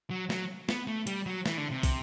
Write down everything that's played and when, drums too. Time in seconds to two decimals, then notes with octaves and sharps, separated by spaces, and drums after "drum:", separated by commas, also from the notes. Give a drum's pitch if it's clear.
0.10 F#3
0.30 F#3, drum: snare
0.69 B3, drum: snare
0.87 A3
1.07 G3, drum: hi-hat
1.26 F#3
1.46 E3, drum: snare
1.58 D3
1.71 C3
1.83 drum: kick, open hi-hat